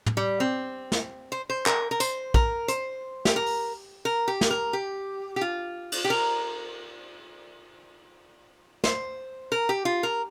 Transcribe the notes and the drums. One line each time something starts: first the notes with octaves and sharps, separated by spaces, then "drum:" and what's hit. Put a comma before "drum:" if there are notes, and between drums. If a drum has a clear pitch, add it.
drum: tom
G3
C4
drum: snare
C5
C5
A#4, drum: clap
A#4
C5, drum: tambourine
A#4, drum: kick
C5, drum: hi-hat
G4, drum: snare
A#4
drum: open hi-hat
A#4
G4
drum: snare
A#4
G4
G4
F4
drum: cymbal
G4
A#4
C5, drum: snare
A#4
G4
F4
A#4